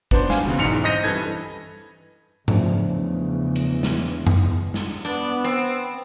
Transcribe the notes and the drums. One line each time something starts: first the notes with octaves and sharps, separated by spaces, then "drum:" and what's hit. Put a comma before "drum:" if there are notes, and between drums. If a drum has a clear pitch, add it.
B3 D4 C5, drum: kick
F5 G#5, drum: snare
E2 C#3 F#3
B1 E2 G#2 C#7 F7
C4 D#5 G6 A#6 D#7
G2 E3 A4 G#6
E2 C#3 F3 A3 D4, drum: tom
drum: cymbal
drum: snare
drum: tom F#2
drum: snare
B3 D4, drum: hi-hat
C4